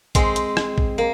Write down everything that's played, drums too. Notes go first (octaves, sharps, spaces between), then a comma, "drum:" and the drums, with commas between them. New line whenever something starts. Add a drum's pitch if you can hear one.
G#3 C4, drum: kick A1, hi-hat
drum: hi-hat
drum: rim click
drum: kick A1
A#3